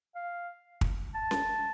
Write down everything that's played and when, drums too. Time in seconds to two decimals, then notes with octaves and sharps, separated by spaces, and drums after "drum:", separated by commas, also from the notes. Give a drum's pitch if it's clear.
0.15 F5
0.81 drum: kick
1.15 A5
1.31 drum: snare C#4